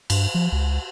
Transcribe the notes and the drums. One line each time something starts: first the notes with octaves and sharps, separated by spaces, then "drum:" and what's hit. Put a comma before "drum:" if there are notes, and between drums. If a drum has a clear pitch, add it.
G2, drum: cymbal
F3
C#2